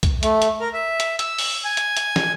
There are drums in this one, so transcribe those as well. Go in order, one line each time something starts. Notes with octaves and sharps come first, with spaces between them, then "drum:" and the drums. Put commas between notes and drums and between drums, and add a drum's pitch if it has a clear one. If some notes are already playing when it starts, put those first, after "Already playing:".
drum: kick C2, hi-hat
A3, drum: hi-hat
drum: hi-hat
A#4
E5
drum: hi-hat
E6, drum: hi-hat
drum: open hi-hat
G#5
drum: hi-hat
drum: hi-hat
drum: snare